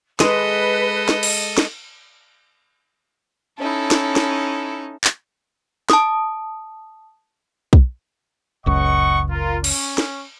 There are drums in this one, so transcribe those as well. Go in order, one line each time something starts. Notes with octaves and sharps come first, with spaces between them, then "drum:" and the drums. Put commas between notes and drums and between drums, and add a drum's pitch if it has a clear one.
G#3 A4 B4 D#5, drum: snare
drum: snare
drum: cymbal
drum: snare
C#4 D#4 E4 A4
drum: snare
drum: snare
drum: clap
A5 D#6, drum: snare
drum: kick B1
F#1 C#2 D#5 F#5 C#6
F4 A#4
C#4, drum: cymbal
drum: snare